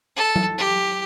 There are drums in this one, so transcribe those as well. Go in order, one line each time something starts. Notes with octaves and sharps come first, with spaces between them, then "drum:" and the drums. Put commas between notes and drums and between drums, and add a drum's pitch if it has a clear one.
A4
drum: tom F#3
G4